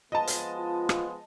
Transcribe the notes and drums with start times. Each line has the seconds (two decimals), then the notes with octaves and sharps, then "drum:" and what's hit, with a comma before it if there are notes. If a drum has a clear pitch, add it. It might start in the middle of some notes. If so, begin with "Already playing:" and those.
0.12 F3 G#3 B3 D#5 A5
0.27 drum: hi-hat
0.57 F4
0.89 drum: rim click